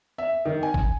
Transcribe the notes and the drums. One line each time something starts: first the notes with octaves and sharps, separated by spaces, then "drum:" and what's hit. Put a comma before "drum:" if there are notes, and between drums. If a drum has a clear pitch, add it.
E5
D#3
G#5
drum: kick G1